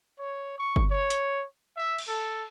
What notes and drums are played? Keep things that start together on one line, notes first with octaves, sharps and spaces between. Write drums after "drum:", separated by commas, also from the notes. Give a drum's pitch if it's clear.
C#5
C#6
drum: kick G1
C#5
drum: hi-hat
E5
drum: cymbal
A4